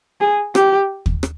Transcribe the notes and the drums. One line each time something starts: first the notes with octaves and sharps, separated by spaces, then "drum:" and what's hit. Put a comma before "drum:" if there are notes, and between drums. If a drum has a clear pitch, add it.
G#4
G4, drum: rim click
drum: kick
drum: rim click